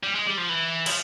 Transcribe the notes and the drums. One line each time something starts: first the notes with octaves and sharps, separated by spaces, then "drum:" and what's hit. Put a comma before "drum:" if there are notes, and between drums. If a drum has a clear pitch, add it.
G3
G#3
G3
F3
E3
F3, drum: cymbal